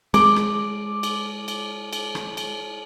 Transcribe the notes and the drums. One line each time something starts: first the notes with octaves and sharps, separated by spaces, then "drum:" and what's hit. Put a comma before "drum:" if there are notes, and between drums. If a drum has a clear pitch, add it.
G#3 D6, drum: cymbal
drum: rim click
drum: cymbal
drum: cymbal
drum: cymbal
drum: rim click
drum: cymbal